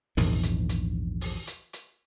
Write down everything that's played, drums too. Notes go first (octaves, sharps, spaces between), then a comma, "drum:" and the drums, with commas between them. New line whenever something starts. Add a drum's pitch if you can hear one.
A#1 E2 G#2 D#3, drum: open hi-hat
drum: hi-hat
drum: hi-hat
drum: open hi-hat
drum: hi-hat
drum: hi-hat